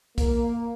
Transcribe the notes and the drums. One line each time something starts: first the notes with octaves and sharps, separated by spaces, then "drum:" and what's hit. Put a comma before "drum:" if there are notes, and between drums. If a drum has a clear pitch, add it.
A#3, drum: kick, hi-hat